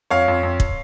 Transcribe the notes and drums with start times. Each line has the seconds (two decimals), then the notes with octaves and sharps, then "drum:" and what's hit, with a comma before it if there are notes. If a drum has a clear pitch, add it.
0.10 F2 C#5 F5
0.28 F2
0.43 F2
0.60 drum: kick